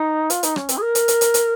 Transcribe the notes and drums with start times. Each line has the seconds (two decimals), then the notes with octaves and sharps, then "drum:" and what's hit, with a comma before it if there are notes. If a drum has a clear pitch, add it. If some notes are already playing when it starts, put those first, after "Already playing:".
Already playing: D#4
0.30 F4, drum: hi-hat
0.43 D#4, drum: hi-hat
0.56 C#4, drum: rim click
0.69 C4, drum: hi-hat
0.77 G#4
0.81 A#4
0.95 drum: hi-hat
1.08 drum: hi-hat
1.21 drum: hi-hat
1.34 drum: hi-hat